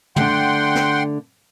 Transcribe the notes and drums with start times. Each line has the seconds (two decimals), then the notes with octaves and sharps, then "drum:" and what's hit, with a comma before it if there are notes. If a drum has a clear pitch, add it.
0.16 D3 A3 F#5 G5 C6, drum: tom
0.75 drum: snare